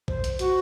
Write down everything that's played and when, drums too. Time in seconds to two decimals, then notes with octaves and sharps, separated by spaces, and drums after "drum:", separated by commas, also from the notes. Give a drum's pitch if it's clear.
0.08 C5, drum: kick
0.24 drum: hi-hat
0.39 F#4, drum: hi-hat